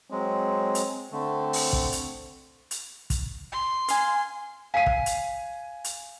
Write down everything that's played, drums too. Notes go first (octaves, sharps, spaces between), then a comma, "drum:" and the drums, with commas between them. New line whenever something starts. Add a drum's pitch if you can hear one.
F#3 G#3 C4
drum: hi-hat
D3 A3 C4
drum: open hi-hat
drum: kick
drum: hi-hat
drum: hi-hat
drum: kick, hi-hat
C6
F5 G#5, drum: hi-hat
F5 G#5 B6 C7 D#7
drum: kick
drum: hi-hat
drum: hi-hat